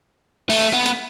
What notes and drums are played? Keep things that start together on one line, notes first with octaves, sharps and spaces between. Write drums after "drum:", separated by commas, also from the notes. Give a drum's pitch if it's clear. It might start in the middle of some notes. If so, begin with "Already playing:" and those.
A3, drum: open hi-hat
B3
drum: hi-hat